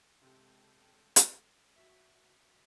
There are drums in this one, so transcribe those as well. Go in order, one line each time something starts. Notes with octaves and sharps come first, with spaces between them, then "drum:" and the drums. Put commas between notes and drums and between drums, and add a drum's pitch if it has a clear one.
C3 G#3 A4 G5
drum: hi-hat
F#4 E5